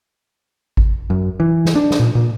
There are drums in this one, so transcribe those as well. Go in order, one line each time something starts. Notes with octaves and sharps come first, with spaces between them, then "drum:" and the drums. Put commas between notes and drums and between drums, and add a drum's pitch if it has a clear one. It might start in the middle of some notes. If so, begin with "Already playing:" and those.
drum: kick G#1
F#2
E3
drum: snare
D4
drum: snare
A#2
A#2